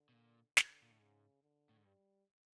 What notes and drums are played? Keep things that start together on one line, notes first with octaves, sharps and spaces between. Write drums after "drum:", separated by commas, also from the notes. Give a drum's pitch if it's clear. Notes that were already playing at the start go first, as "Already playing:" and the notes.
Already playing: D3
B2
A#2
D3, drum: snare
A#2
A2
G#2 C#3
D3
A2
G#2
G2 G3